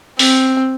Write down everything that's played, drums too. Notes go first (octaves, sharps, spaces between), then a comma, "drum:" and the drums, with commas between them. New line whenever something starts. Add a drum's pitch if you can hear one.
C4, drum: open hi-hat